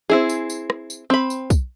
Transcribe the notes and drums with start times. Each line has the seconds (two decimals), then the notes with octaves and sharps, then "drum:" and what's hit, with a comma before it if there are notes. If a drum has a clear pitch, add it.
0.10 C4 E4 G#4
0.29 drum: tambourine
0.50 drum: tambourine
0.70 drum: rim click
0.90 drum: tambourine
1.10 C4 B5
1.30 drum: tambourine
1.50 drum: kick, tambourine